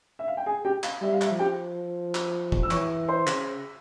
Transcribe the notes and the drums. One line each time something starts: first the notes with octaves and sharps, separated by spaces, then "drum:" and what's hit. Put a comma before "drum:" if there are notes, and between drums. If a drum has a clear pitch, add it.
E5
F5
G5
G#4 G#5
G4 G5
F5, drum: clap
G3 E5
F5
E5, drum: clap
F3
G4 G5
drum: clap
drum: kick
E6
E3 C#5 C#6, drum: clap
C5 C6
C#3, drum: clap